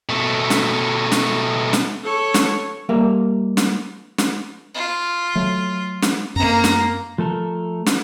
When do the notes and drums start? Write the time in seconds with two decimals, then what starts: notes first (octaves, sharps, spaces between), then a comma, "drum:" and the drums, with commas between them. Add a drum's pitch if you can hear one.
0.09 B2 A3
0.50 drum: snare
1.12 drum: snare
1.73 drum: snare
2.04 A4 C#5
2.34 drum: snare
2.89 G3 A#3 A#4 E5 F5
3.57 drum: snare
4.18 drum: snare
4.75 F4
5.35 F#3 A3
6.02 drum: snare
6.36 F#2 A#3 C4 A#5
6.64 drum: snare
7.18 F3 A3 A4 A#4
7.86 drum: snare